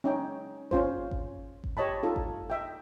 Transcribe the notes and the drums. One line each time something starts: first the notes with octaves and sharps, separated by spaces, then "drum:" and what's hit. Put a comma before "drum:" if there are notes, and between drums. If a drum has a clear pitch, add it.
C#4 D#4 G5
C#4 F4 C5, drum: kick G#1
drum: kick G#1
drum: kick G#1
G4 C#5 D#5 A5 B5
D#4 F4 A4
drum: kick G#1
D#5 E5 G5